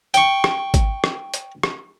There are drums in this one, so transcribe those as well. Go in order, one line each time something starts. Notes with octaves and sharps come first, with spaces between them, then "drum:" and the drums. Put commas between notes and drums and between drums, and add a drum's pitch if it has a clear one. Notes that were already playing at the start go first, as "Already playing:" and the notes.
G5 C#6, drum: hi-hat
drum: rim click
drum: kick G#1, hi-hat
drum: rim click
drum: hi-hat
drum: rim click